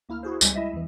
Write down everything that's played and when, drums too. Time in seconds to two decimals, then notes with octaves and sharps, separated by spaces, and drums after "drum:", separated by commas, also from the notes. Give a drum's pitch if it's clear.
0.09 D2 A#3 E4 F6
0.23 E4 F#4 G#4 C5
0.41 C#2 G3 G#3 G#5, drum: tambourine
0.55 E4 D#5 E5
0.73 E2 E3